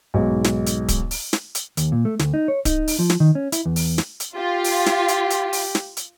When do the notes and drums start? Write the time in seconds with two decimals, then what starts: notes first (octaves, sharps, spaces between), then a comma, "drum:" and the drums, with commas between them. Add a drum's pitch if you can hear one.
0.14 B1 G#2
0.44 drum: snare
0.67 drum: hi-hat
0.89 drum: kick D1, hi-hat
1.11 drum: open hi-hat
1.33 drum: snare
1.55 drum: hi-hat
1.77 D#2, drum: hi-hat
1.92 A#2
2.05 A3
2.19 D2, drum: snare
2.34 D#4
2.48 C#5
2.65 D#4, drum: kick D1, hi-hat
2.87 drum: open hi-hat
2.99 F3
3.10 drum: snare
3.20 D#3
3.35 C#4
3.52 E4, drum: hi-hat
3.66 E2
3.76 drum: open hi-hat
3.98 drum: snare
4.20 drum: hi-hat
4.36 F4 G4
4.64 drum: open hi-hat
4.86 drum: snare
5.08 drum: hi-hat
5.31 drum: hi-hat
5.53 drum: open hi-hat
5.75 drum: snare
5.97 drum: hi-hat